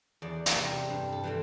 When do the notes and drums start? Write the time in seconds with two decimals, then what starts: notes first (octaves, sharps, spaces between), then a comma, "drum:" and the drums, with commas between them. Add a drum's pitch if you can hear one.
0.22 E2 D5
0.46 drum: hi-hat
0.56 C3 G3
0.89 G2 C5
1.12 A4
1.24 E3 G3 C4